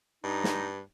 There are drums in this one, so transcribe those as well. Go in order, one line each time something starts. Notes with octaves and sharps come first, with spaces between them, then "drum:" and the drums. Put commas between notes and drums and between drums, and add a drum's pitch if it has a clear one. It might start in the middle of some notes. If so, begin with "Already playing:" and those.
G2 D#4
drum: snare